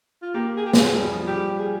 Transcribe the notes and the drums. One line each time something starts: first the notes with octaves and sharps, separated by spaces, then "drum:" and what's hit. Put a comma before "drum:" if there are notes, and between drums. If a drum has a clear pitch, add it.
F4
A#3 G4
G#4
G4
G#4, drum: snare
G3
F3
G3 G4
G#4